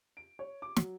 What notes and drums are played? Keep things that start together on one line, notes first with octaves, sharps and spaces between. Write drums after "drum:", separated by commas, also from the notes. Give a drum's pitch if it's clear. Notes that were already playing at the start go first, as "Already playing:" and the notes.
D7
C#5
D6
F#3, drum: snare